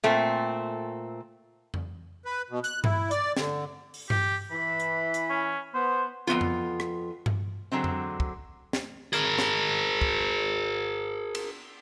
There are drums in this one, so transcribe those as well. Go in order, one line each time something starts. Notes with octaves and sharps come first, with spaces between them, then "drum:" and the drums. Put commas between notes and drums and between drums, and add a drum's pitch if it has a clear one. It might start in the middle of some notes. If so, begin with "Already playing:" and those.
A#2 A3 C4
drum: tom F2
B4
B2
F#6, drum: hi-hat
E4, drum: tom G2
D5, drum: hi-hat
D3, drum: snare
drum: open hi-hat
G4, drum: tom G2
E3 B5
drum: hi-hat
drum: hi-hat
C#4
B3 C5
F2 D#3 B3 F4
drum: tom F2
drum: rim click
drum: tom G2
D3 F#3 G#3 C4
drum: tom F2
drum: kick
drum: snare
G#4 A#4, drum: hi-hat
drum: snare
drum: kick
drum: cymbal